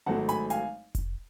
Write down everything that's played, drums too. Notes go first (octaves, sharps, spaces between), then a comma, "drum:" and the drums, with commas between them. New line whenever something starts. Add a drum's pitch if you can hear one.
G#1 G#2 F#3 A3 F#5 A5
G#5 B5, drum: hi-hat
F5 G#5, drum: hi-hat
drum: kick F1, hi-hat